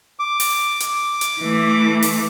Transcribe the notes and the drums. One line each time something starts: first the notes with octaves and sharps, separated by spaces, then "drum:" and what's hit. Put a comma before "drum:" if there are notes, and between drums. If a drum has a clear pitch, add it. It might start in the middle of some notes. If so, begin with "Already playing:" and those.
D6
drum: open hi-hat
drum: hi-hat
drum: hi-hat
E3 A3
drum: open hi-hat